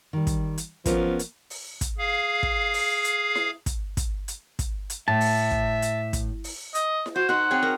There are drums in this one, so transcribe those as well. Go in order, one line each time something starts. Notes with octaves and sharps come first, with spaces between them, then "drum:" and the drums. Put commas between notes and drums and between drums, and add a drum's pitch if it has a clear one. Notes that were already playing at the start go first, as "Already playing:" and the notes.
D#3 G3
drum: kick, hi-hat
drum: hi-hat
F3 B3 C#4 A#4, drum: kick, hi-hat
drum: hi-hat
drum: open hi-hat
drum: kick, hi-hat
G#4 F5
drum: kick
drum: open hi-hat
drum: hi-hat
drum: snare E4
drum: kick, hi-hat
drum: kick, hi-hat
drum: hi-hat
drum: kick, hi-hat
drum: hi-hat
A2 E5 A5
drum: open hi-hat
drum: kick
drum: hi-hat
drum: kick, hi-hat
drum: open hi-hat
D#5, drum: hi-hat
drum: snare E4
F#4 C5
D#4 C5 F#5
C4 G#4 C#5
A#4